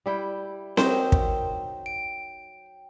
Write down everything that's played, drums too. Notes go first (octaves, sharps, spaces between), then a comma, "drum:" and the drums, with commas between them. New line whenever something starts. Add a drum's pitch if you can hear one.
G3 E4 G5
F#3 D#4 A#4 C5 G5, drum: snare C4
drum: kick
D7